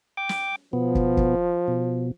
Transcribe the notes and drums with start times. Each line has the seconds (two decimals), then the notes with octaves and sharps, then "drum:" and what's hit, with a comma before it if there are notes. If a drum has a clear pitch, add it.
0.17 G5 D6
0.29 drum: snare
0.73 B2 F3 B3
0.95 drum: kick
1.17 drum: kick
1.68 B2